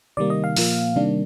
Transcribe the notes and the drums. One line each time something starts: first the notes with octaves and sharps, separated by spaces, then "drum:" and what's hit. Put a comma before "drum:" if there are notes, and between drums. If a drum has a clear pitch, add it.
C3 D#3 G3 A#3 D5
D#5
F5
A#2 F3 A#3, drum: open hi-hat
C3 D#3 G3 A#3 D4